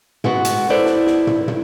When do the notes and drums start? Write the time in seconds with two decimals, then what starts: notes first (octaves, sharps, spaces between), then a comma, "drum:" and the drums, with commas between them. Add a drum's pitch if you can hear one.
0.24 G#3 B3 F#4, drum: tom
0.45 drum: hi-hat
0.70 E4 A4 B4 C5 D5
0.86 drum: snare
1.06 drum: snare
1.27 drum: tom
1.48 drum: tom